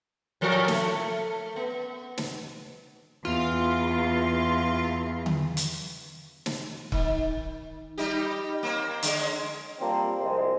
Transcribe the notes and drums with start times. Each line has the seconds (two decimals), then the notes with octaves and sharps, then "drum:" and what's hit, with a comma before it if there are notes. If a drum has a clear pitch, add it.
0.41 A2 F3 A#4
0.68 A3, drum: snare
1.56 B3
2.18 drum: snare
3.25 E2 F4
5.26 drum: tom D3
5.57 drum: hi-hat
6.46 drum: snare
6.92 D#3, drum: kick
7.98 G3 D#4 G4
8.63 A#3 C4
9.03 D3 G#3 C#4, drum: hi-hat
9.80 F3 G3 A#3 C4
10.20 C2 G#3 C4 C5